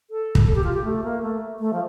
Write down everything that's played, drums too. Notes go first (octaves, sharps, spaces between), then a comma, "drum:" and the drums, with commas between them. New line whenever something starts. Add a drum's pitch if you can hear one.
A4
drum: kick
A4
G4
F4
G4
A3
A#3
A3
A3
F3